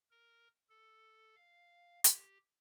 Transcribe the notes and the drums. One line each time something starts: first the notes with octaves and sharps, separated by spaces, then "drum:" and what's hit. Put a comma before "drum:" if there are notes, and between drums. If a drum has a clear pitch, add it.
A#4
A4
F5
G4, drum: hi-hat